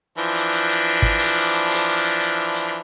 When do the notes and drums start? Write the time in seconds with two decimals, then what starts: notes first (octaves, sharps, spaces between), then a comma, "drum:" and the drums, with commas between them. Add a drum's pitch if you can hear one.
0.18 E3 F3 D4
0.35 drum: hi-hat
0.52 drum: hi-hat
0.69 drum: hi-hat
1.02 drum: kick
1.19 drum: open hi-hat
1.36 drum: hi-hat
1.53 drum: hi-hat
1.70 drum: open hi-hat
2.03 drum: hi-hat
2.20 drum: hi-hat
2.54 drum: hi-hat